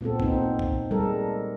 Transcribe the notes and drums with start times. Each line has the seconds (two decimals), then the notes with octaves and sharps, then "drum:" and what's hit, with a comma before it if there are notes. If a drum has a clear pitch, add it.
0.01 A#2 B3 C4 A4
0.20 C4 D#4, drum: kick
0.59 drum: kick
0.91 G3 G#3 A4 A#4